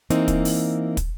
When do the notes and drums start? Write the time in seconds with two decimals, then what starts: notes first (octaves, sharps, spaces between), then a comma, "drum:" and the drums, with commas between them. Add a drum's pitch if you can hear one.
0.10 E3 A#3 C4 D#4, drum: hi-hat
0.28 drum: kick, hi-hat
0.45 drum: open hi-hat
0.97 drum: kick, hi-hat